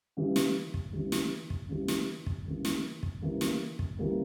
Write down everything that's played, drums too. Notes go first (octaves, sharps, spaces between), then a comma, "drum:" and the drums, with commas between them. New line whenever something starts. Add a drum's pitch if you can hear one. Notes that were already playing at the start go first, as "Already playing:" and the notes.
C#3 E3 G3
drum: snare
drum: kick
C#3 E3 G3
drum: snare
drum: kick
C#3 E3 G3
drum: snare
drum: kick
C#3 E3 G3 A#3
drum: snare
drum: kick
C#3 E3 G3 A#3
drum: snare
drum: kick
C#3 E3 G3 A#3